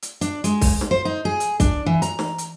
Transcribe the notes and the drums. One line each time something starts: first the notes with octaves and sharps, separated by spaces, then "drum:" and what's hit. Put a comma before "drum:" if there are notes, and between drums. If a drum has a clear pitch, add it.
drum: hi-hat
D4, drum: hi-hat
G#3, drum: hi-hat
drum: kick C2, open hi-hat
drum: snare
C5
D#4
G#4
drum: hi-hat
D4, drum: kick C2, hi-hat
E3
A#5, drum: hi-hat
drum: snare
drum: hi-hat